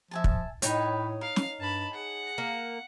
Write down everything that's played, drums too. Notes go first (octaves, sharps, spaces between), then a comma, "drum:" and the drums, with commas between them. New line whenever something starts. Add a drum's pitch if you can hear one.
F3 E5 G#5 A5
drum: kick
A2 D#4 B4 C#5 G5, drum: hi-hat
A#4 F5
drum: snare
G2 A5 B5
G#4 F#5
A#3 A#4